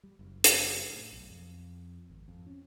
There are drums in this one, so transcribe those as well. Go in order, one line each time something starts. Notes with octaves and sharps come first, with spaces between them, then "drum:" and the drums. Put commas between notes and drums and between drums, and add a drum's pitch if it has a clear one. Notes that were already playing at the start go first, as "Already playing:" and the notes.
G3
F#1
drum: hi-hat
A2
B1
F2
G#1
F2
C#4